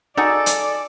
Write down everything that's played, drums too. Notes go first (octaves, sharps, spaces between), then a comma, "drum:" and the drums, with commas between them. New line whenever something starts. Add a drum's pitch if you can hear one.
D#4 F#4 G#4 A4 D5
drum: hi-hat